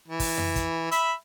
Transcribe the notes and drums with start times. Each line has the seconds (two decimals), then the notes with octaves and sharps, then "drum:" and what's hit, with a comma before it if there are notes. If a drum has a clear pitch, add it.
0.08 E3
0.20 drum: kick, open hi-hat
0.38 drum: tom F2
0.56 drum: kick, hi-hat
0.91 E5 B5, drum: hi-hat